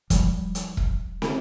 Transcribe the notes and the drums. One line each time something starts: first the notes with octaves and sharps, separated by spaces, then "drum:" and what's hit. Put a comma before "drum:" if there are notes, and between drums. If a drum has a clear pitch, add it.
F3 G3, drum: kick E1, hi-hat
drum: hi-hat
drum: kick E1
drum: snare